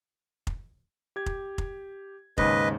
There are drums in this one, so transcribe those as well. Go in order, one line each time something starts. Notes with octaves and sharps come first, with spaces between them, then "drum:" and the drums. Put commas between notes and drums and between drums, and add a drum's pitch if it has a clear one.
drum: kick F1
G4 G#6
drum: kick F1
drum: kick F1
D#2 G#2 C#3 B4 D#5, drum: kick F1